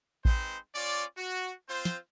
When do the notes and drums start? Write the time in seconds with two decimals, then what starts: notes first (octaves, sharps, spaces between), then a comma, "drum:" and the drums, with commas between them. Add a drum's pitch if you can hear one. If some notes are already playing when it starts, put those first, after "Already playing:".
0.25 G#3 C4 D#4 B4 C5, drum: kick A1
0.75 C#4 F4 D5
1.17 F#4
1.69 C4 F4 C5
1.85 drum: snare